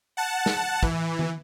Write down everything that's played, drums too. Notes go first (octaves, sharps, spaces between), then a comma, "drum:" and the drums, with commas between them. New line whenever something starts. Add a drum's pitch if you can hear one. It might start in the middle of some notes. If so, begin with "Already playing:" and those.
F#5 A5
drum: snare
E3, drum: kick
drum: tom D#3